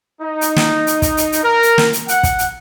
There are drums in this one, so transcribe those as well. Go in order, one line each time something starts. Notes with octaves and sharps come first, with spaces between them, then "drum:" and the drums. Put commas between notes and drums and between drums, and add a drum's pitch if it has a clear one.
D#4
drum: hi-hat
drum: snare
drum: hi-hat
drum: kick, hi-hat
drum: hi-hat
drum: hi-hat
A#4
drum: hi-hat
drum: snare
drum: hi-hat
F#5, drum: hi-hat
drum: kick, hi-hat
drum: hi-hat